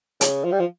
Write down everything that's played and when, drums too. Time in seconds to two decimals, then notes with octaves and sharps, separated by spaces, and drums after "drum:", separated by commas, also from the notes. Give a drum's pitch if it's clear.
0.21 C#3, drum: hi-hat
0.44 F3
0.52 G3
0.60 F3